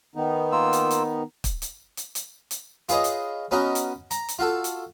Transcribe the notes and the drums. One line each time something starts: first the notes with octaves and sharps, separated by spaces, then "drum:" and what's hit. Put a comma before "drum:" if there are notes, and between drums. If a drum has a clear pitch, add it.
D#3 B3 D#4
A#3 F4 E6
drum: hi-hat
drum: hi-hat
drum: kick, hi-hat
drum: hi-hat
drum: hi-hat
drum: hi-hat
drum: hi-hat
F4 G#4 B4 C#5 D#5, drum: hi-hat
drum: hi-hat
B3 C#4 D#4 F#4 A#4 D#5
drum: hi-hat
A#5, drum: hi-hat
drum: hi-hat
F4 F#4 A4
drum: hi-hat